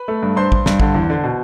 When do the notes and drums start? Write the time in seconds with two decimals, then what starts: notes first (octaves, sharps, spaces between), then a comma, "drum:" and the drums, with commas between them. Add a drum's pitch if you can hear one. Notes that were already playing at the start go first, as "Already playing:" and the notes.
Already playing: B4 B5
0.08 A3
0.23 G2
0.36 G2 C5 C6
0.52 G2, drum: kick
0.66 G2, drum: snare
0.80 D3, drum: kick
0.95 E2
1.10 D3
1.23 B2